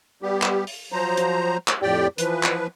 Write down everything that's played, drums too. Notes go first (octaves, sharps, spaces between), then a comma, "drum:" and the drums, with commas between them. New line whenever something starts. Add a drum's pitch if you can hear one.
G3 B3 G4
drum: clap
drum: open hi-hat
F3 F#3 C5 A#5
drum: hi-hat
drum: clap
F2 A2 G4 D5 G5
E3 F3 B4, drum: hi-hat
drum: clap